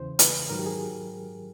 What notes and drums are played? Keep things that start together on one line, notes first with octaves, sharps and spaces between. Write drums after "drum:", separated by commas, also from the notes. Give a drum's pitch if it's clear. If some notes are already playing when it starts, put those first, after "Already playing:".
Already playing: E2 C#3 E3 C5
B4, drum: hi-hat
G#2 D#3 F#3 A#4
G4
G#4